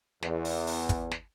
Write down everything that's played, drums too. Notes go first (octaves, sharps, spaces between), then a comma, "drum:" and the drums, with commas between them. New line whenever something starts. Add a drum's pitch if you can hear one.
E2, drum: snare
drum: open hi-hat
drum: open hi-hat
drum: kick, hi-hat
drum: snare